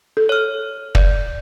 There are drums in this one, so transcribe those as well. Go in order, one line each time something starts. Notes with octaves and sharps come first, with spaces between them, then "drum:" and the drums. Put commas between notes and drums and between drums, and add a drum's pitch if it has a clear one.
A4
C#5 F6
D5, drum: kick